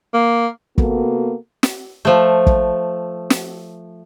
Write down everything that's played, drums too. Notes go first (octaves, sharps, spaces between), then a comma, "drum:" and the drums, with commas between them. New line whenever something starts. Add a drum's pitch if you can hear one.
A#3
C3 A#3 B3 F#4 A4, drum: kick
drum: snare
F3 A3
drum: kick
drum: snare